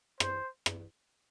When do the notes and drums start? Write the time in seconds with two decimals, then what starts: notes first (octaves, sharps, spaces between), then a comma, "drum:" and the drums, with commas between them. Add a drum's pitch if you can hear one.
0.20 C5, drum: rim click
0.66 drum: rim click